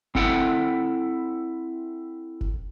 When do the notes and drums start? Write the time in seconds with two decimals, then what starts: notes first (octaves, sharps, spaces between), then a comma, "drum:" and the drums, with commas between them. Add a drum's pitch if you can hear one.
0.15 C4 E4 A4 F#5 G5, drum: kick F1
2.41 drum: kick F1